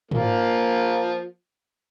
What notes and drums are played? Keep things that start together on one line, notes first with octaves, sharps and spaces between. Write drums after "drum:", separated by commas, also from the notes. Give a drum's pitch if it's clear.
F3 A#3, drum: tom G#2